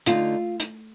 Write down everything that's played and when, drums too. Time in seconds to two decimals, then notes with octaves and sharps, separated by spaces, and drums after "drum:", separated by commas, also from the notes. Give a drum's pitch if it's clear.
0.06 D3 A3 D#4 F4, drum: hi-hat
0.60 drum: hi-hat